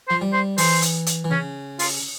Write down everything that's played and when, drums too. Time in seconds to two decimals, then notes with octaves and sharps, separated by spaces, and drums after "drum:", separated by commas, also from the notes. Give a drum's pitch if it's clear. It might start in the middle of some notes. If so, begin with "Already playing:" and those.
0.08 F3 C5
0.21 G3
0.33 C5
0.58 E3 C5, drum: open hi-hat
0.82 drum: hi-hat
1.06 drum: hi-hat
1.25 E3
1.31 C#3 C#4
1.79 F4, drum: open hi-hat